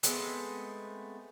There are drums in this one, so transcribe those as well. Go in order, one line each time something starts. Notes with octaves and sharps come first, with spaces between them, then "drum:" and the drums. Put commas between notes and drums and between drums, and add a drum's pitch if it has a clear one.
G#3 A3 B3 C4, drum: hi-hat